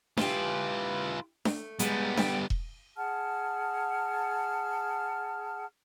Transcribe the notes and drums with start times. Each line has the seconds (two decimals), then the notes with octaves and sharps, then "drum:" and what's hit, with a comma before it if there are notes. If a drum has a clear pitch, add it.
0.17 E4 F4 G4 B4, drum: snare D4
1.45 A3, drum: snare D4
1.79 G3 G#3 B3 A4, drum: hi-hat
2.17 E5 G5, drum: snare D4
2.50 drum: kick E1
2.97 G#4 F#5 A5 F6